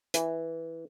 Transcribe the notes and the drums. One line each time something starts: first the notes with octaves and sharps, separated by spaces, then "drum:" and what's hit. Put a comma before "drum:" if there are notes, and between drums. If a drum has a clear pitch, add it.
E3, drum: hi-hat